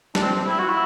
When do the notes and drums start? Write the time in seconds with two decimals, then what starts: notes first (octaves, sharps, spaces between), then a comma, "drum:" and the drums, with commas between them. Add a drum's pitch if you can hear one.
0.15 D4, drum: snare
0.22 C4
0.47 E4
0.59 F#4
0.69 E4